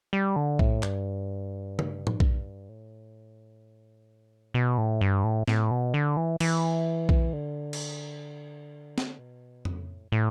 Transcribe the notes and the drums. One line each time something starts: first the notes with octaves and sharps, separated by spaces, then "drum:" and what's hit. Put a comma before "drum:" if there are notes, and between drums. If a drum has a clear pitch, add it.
G3
D3
A2, drum: kick B1
G2, drum: clap
drum: tom
drum: tom
drum: kick B1
A2
B2
A2
G2
A2
A2, drum: snare C4
B2
D3
E3
E3, drum: cymbal
drum: kick B1
D3
drum: cymbal
drum: snare C4
B2
A2, drum: tom F2
A2